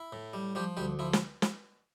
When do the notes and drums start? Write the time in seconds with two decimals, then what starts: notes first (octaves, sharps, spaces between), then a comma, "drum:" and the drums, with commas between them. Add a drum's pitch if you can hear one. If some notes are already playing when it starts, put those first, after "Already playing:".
Already playing: E4
0.13 A2
0.33 G3
0.55 F3 G3 G4
0.77 D2 G3 G4
0.99 F3 E4
1.13 drum: snare
1.42 drum: snare